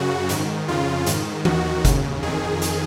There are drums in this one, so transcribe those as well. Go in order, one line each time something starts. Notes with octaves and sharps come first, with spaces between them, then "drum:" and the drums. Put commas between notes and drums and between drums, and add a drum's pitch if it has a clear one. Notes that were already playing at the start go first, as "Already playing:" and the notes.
Already playing: F#2 C#3 F#4
G#2 D#3, drum: hi-hat
F2 C#3 F4
G#2 D#3, drum: hi-hat
D#2 D#3 F#4, drum: tom E3
D#2 C#3, drum: kick F#1, hi-hat
F2 D#3 G#4
drum: hi-hat